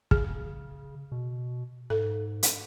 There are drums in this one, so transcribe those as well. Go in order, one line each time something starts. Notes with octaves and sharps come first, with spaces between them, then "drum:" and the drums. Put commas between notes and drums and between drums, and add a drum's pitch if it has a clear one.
C#3 G#4, drum: kick
B2
G#2 A4
drum: hi-hat